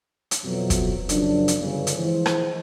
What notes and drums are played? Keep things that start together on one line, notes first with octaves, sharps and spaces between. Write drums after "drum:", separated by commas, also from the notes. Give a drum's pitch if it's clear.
drum: hi-hat
F2 B2 E3 F#3
drum: kick, hi-hat
F#2 C#3 F3 D4, drum: hi-hat
drum: hi-hat
G1 G2 C#3
drum: hi-hat
E3 F3 G#3 C5
drum: rim click